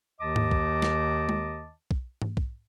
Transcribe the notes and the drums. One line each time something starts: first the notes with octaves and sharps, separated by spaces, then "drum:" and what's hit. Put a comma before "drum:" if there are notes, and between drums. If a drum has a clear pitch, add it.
D#2 D#3 D#5 A5 D6
drum: tom G#2
drum: kick
drum: snare
drum: tom G#3
drum: kick
drum: tom G#2
drum: kick